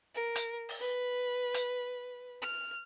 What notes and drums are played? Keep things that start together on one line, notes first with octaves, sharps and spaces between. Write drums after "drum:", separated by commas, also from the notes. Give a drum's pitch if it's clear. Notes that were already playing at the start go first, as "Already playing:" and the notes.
A#4
drum: hi-hat
drum: open hi-hat
B4
drum: hi-hat
F6